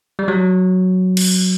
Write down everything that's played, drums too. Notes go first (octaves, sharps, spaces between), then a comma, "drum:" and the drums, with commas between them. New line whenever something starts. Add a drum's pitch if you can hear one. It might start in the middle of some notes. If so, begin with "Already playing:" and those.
G3
F#3
drum: cymbal